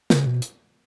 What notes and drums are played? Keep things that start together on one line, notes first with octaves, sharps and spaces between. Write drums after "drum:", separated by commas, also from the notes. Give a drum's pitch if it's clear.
C#3, drum: snare
B2
drum: hi-hat